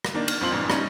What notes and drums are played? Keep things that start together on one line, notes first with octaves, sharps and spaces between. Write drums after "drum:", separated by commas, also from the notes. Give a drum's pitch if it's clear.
drum: rim click
D#3 A#3 D4
F6, drum: cymbal
F2 C4 F4 C6 F#7
A1 G#2 B2 E3 D4
G3 C#4 D#4, drum: rim click